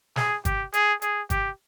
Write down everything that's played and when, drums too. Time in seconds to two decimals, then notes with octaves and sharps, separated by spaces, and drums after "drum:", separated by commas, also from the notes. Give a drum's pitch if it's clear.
0.16 G#4, drum: snare
0.45 G4, drum: kick, hi-hat
0.74 G#4, drum: hi-hat
1.02 G#4, drum: hi-hat
1.30 G4, drum: kick, hi-hat